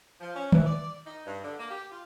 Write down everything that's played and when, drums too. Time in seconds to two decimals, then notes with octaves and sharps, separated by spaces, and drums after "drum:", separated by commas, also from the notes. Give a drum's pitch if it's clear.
0.21 F3
0.36 C#4
0.52 E3, drum: tom
0.66 D5
1.06 D#4
1.26 G2
1.44 D3
1.59 A#3
1.71 G4
1.92 F4